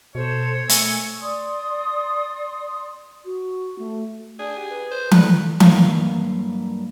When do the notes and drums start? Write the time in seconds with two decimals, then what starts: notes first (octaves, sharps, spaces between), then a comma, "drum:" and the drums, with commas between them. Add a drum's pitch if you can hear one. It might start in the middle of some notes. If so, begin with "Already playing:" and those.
0.15 B2 A4 C5 C#5
0.69 A3 G#5 C#6 E6, drum: hi-hat
1.20 D5 C6 D#6
3.25 F#4
3.79 A3
4.39 D4 G#4
4.57 G4
4.70 B4
4.91 C5
5.11 D3 B4, drum: tom E3
5.60 G2 F#3 A#3 E5 F5, drum: tom E3